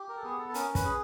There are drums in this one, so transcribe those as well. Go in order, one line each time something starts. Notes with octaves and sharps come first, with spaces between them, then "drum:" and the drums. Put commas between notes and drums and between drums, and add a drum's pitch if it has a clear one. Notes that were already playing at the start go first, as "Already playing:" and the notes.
Already playing: G4
A#4
A4
B3 G#4
A4
A4
C#4 A#4, drum: hi-hat
B4, drum: kick, hi-hat
G#4